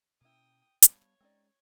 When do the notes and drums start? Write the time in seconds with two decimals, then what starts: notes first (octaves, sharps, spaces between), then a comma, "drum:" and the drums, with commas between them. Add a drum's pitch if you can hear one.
0.21 B2 A#3 C#4 E4 G5 D#6
0.82 G3 B3 D4 C#5 F5 B5, drum: hi-hat
1.21 G#3 C4 C#4 D#4 D5